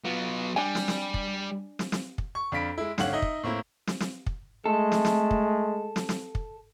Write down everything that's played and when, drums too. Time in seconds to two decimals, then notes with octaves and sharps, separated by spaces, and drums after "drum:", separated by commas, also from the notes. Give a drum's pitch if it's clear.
0.05 F#3 B3 F4
0.56 G3 D4 G#5
0.75 drum: snare
0.88 drum: snare
1.14 drum: kick
1.79 drum: snare
1.92 drum: snare
2.18 drum: kick
2.35 C#6
2.52 F2 D4 F5 B5 B6 D7
2.78 G#3 E4
2.98 G#1 D3 C#5 F5 F#5 F#7, drum: snare
3.13 D#4 D#5 E5
3.22 drum: kick
3.43 A2 A#3 C4 E4
3.87 drum: snare
4.00 drum: snare
4.26 drum: kick
4.66 G#3 A3 A4
4.92 drum: snare
5.05 drum: snare
5.31 drum: kick
5.96 drum: snare
6.09 drum: snare
6.35 drum: kick